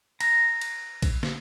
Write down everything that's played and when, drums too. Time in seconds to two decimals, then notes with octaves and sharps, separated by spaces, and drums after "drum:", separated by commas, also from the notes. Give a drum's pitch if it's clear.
0.20 A#5, drum: cymbal
0.61 drum: cymbal
1.02 drum: kick, cymbal
1.23 drum: snare